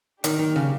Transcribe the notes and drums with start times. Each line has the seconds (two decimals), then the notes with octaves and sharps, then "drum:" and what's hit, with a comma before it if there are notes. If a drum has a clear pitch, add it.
0.24 D#3 F#3 A#3 D4 G4, drum: hi-hat
0.39 D#3
0.56 C#3